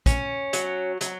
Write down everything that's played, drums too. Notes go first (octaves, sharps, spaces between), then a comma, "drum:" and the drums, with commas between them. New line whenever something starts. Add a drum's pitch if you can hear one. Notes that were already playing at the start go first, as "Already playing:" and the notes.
C#4, drum: kick, hi-hat
F#3, drum: hi-hat
F#3, drum: hi-hat